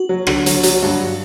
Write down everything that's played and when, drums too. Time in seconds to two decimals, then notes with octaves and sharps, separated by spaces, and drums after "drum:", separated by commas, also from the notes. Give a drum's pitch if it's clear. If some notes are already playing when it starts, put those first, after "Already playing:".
Already playing: F#4
0.09 F#3
0.27 D3, drum: rim click
0.46 F#3, drum: hi-hat
0.63 F#3, drum: hi-hat
0.82 G2